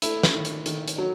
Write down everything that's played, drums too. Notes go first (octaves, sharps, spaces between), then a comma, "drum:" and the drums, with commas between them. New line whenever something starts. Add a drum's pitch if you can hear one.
A3 E4, drum: hi-hat
drum: snare
D#3
drum: hi-hat
D#3, drum: hi-hat
drum: hi-hat
F#3